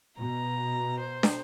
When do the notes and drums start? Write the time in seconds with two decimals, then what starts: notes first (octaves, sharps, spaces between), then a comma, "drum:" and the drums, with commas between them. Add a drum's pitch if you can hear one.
0.19 B2 A#5
1.00 C5
1.23 drum: snare